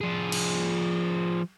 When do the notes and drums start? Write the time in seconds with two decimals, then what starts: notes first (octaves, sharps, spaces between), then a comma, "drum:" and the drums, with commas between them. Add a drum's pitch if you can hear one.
0.01 F3 G#4
0.32 drum: cymbal